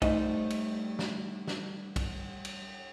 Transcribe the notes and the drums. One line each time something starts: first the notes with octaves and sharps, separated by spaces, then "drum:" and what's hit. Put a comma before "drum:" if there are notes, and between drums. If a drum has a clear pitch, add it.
G3 A3 D#4 C5 D#5, drum: kick, cymbal
drum: cymbal
drum: snare
drum: snare
drum: kick, cymbal
drum: cymbal